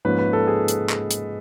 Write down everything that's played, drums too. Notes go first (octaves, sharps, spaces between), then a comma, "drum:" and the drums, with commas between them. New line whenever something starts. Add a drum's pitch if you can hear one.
G#2 F3 A#3 C#4 B4
B4
A4
G#4
drum: hi-hat
drum: clap
drum: hi-hat